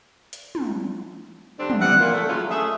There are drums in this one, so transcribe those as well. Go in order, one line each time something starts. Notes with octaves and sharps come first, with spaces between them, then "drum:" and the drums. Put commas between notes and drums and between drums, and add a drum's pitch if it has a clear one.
drum: hi-hat
drum: tom
D3 G3 C4 D4
drum: tom
E3 G3 F#5
A#2
A3
F3 F#3 G#3 C#4 E4 F4
A3 G#4 E5